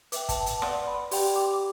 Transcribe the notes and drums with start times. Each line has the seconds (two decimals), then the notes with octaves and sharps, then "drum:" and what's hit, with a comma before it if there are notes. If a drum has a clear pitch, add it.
0.12 B4 E5 G5 D6, drum: hi-hat
0.29 A5, drum: kick G1, hi-hat
0.46 A5, drum: hi-hat
0.62 B4 D5 F#5 C6, drum: rim click
0.87 B5
1.11 G4 D5 G5 C6, drum: open hi-hat
1.36 D6
1.54 D6